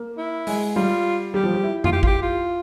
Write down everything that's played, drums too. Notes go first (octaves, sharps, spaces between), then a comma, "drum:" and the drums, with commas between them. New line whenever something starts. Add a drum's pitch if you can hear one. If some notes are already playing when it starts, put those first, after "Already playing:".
Already playing: A#3
E4
G#3, drum: open hi-hat
G3 F4
G3 G4
F3
G3
E4
F4, drum: tom F2
G4
F4, drum: kick
G4
F4